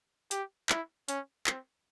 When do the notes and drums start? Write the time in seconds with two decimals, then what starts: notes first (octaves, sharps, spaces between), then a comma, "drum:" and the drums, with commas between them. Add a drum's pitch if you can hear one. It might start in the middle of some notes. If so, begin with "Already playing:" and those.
0.31 G4, drum: hi-hat
0.69 E4, drum: clap
1.08 C#4, drum: hi-hat
1.47 C4, drum: clap